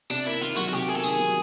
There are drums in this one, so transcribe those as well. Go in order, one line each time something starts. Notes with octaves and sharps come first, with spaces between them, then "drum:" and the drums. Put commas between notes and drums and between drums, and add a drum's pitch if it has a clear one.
C3 D4, drum: tambourine
A#3 E4
D#3 F4
F#3 F#4, drum: tambourine
F#4
C3 G4
A#3 G#4
A4
D#3 G#4, drum: tambourine
F#3